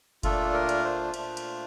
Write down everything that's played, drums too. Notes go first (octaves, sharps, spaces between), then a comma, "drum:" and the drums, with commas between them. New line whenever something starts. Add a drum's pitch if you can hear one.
A#2 A3 D4 F4 A4, drum: kick F#1, cymbal
A#4
drum: cymbal
C5
A#2 A3 D4 F4, drum: cymbal
drum: cymbal